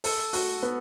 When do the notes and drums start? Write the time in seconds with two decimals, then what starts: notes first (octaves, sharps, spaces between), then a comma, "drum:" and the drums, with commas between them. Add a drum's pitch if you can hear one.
0.04 A4, drum: open hi-hat
0.33 F#4, drum: open hi-hat
0.63 B3